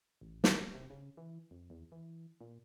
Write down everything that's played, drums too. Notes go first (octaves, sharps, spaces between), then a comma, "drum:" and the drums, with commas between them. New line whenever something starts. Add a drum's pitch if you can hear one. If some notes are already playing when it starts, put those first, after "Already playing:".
A1
drum: snare
C3
C#3
E3
F2
E2
E3
A#2